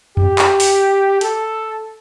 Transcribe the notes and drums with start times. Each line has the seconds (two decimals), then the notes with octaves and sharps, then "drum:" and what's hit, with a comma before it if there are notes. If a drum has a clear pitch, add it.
0.17 G4, drum: tom F2
0.38 drum: clap
0.60 drum: open hi-hat
1.21 A4, drum: hi-hat